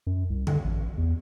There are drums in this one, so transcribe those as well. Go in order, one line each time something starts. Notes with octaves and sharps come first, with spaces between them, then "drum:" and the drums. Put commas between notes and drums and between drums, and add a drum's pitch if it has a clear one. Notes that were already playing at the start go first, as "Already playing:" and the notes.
F#2
C2
D3, drum: tom F#2
A1
E2